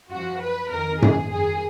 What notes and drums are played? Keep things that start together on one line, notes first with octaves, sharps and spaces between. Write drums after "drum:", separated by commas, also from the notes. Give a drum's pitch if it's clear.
F#2 F3 F#4
B4
F2 D#3 A#4
G#4, drum: tom F#2
F#2 D#3 G#4